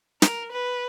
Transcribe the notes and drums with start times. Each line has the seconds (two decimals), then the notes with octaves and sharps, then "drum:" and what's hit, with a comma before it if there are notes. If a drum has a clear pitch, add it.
0.22 A#4, drum: snare
0.52 B4